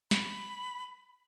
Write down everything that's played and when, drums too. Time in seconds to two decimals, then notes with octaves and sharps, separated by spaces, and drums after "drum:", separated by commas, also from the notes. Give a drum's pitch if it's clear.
0.11 B5, drum: snare